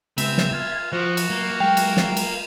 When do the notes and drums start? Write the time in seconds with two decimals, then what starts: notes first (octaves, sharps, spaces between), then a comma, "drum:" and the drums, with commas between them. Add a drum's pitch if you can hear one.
0.18 C#3 G#3 B3 C4 E5, drum: cymbal
0.38 drum: snare
0.53 F4 G#6
0.92 F3 F#4 C5 F6
1.17 drum: cymbal
1.30 F#3 A#3
1.60 F#3 G#3 A#4 F5 G5
1.77 drum: cymbal
1.97 drum: snare
2.17 drum: cymbal